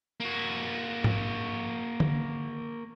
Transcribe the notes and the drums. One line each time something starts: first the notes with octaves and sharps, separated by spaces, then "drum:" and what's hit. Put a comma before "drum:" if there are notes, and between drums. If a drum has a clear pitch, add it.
A#3 F#4
drum: tom G#2
drum: tom D3